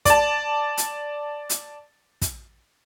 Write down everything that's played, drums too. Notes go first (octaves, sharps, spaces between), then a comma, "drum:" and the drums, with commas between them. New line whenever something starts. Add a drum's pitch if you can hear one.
D5 A5, drum: kick, hi-hat
drum: hi-hat
drum: hi-hat
drum: kick, hi-hat